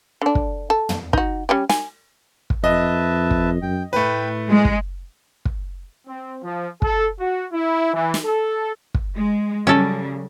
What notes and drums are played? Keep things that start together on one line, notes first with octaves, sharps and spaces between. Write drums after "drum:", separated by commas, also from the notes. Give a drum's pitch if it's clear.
D3 D4
drum: kick
A4
drum: tom
D#4 F#4, drum: kick
G3 C#4 G4
G#5, drum: snare
drum: kick
F2 B4 D#5 E5 A5
drum: kick
F#2 G5
A2 A3 B4 G5 B5
G#3 G#5
drum: kick
drum: kick
C4
F3
A4, drum: kick
F#4
E4
E3
drum: snare
A4
drum: kick
G#3
C#3 F#3 G3 C#4 A4